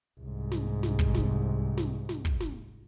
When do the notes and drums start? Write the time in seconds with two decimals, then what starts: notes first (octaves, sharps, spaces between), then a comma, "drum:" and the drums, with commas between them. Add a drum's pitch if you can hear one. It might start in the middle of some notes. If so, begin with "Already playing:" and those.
0.20 C2 G#2
0.52 drum: snare
0.83 drum: snare
0.99 drum: kick
1.15 drum: snare
1.77 drum: snare
2.09 drum: snare
2.25 drum: kick
2.40 drum: snare